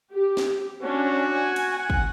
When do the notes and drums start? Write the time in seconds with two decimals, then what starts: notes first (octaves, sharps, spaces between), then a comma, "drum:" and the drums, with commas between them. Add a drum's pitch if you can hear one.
0.12 G4
0.37 drum: snare
0.82 C#4 D4 F#4
1.34 G#5
1.56 drum: cymbal
1.78 F#5
1.90 drum: kick